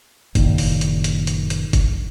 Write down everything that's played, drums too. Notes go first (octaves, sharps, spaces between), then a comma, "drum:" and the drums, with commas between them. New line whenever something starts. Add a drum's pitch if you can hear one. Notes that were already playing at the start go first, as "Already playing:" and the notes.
F#1 A#2 D#3, drum: kick F#1, hi-hat
drum: open hi-hat
drum: hi-hat
drum: hi-hat
drum: hi-hat
drum: hi-hat
drum: kick F#1, hi-hat